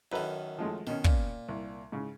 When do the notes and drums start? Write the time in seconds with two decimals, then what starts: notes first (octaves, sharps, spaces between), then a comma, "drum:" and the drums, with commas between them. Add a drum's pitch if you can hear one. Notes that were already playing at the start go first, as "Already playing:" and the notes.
0.12 F#2 D#3 A4 B4 A#5
0.58 F3 G#3 A3
0.87 B2 D#3 C#4
1.04 A#2, drum: kick
1.49 C2
1.92 G#2 C#3